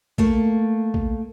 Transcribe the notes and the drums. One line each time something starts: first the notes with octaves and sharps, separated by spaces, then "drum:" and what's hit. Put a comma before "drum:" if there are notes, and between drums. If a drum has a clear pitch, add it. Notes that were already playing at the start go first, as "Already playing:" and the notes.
A3 A#3, drum: kick
drum: kick